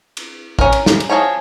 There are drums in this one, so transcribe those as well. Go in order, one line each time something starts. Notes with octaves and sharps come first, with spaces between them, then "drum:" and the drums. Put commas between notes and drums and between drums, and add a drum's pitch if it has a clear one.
drum: cymbal
C#4 A#4, drum: kick A1
drum: cymbal
drum: snare
drum: cymbal
F3 G#4 C#5 A#5